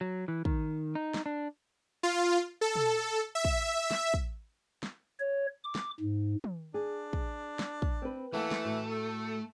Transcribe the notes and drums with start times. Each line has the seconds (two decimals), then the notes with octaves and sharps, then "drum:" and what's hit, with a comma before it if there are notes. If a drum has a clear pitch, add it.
0.01 F#3
0.28 E3
0.45 D#3, drum: kick
0.95 D#4
1.14 drum: snare
1.26 D4
2.03 F4
2.61 A4
2.75 drum: tom
3.35 E5
3.45 drum: kick
3.91 drum: snare
4.14 drum: kick
4.83 drum: snare
5.20 C#5
5.64 D6
5.75 drum: snare
6.00 G#2
6.44 drum: tom
6.74 D4 G#4
7.13 drum: kick
7.59 drum: snare
7.82 drum: kick
8.02 C4 B4
8.34 E3 A3 A#3 F#5 A5
8.51 drum: snare
8.65 A2 F#4
8.91 A4